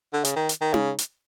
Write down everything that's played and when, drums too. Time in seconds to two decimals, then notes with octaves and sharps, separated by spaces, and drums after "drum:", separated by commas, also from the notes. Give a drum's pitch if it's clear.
0.14 D3
0.25 C#3, drum: hi-hat
0.36 D#3
0.49 drum: hi-hat
0.61 D#3
0.74 C#3, drum: tom D#4
0.99 drum: hi-hat